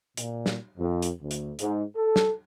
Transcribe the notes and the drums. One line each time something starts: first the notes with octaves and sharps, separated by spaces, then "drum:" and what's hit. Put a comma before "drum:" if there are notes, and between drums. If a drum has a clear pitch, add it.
A#2, drum: hi-hat
drum: snare
F2
drum: hi-hat
D2
drum: hi-hat
G#2, drum: hi-hat
A4
drum: snare